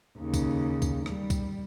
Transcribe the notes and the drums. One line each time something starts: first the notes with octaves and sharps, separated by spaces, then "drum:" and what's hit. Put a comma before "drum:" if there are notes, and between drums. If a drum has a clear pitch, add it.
D#2 C#3
drum: kick C2, tambourine
drum: kick C2, tambourine
G3, drum: rim click
drum: kick C2, tambourine